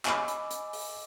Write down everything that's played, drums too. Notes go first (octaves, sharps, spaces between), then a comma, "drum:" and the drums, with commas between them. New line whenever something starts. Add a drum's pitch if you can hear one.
D#5 G#5 B5 D6 E6, drum: clap
drum: hi-hat
drum: hi-hat
drum: open hi-hat